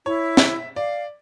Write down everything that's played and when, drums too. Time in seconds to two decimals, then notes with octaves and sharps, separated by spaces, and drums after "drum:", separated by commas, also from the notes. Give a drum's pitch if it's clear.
0.06 E4 C#5
0.37 E5, drum: snare
0.76 D5 F5